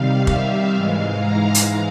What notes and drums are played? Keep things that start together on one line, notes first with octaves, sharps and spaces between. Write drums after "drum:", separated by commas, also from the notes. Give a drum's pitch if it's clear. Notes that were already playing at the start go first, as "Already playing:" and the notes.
Already playing: C3 D#3 G3 F5
E5, drum: kick
G#2 E3 G#3 F5
A#5
drum: hi-hat